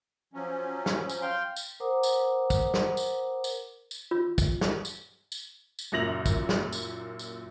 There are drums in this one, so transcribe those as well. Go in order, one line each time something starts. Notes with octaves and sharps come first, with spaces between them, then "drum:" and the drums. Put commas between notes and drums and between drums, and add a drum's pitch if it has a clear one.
F3 F#3 C#4
drum: snare
drum: tambourine
F5 G5 C6
drum: tambourine
A#4 C5 F#5 A#5 D6 D#6
drum: tambourine
drum: kick, tambourine
drum: snare
drum: tambourine
drum: tambourine
drum: tambourine
F4
drum: kick, tambourine
drum: snare
drum: tambourine
drum: tambourine
drum: tambourine
F#1 F#2 A#2 A#6 F7 F#7
drum: kick, tambourine
drum: snare
drum: tambourine
drum: tambourine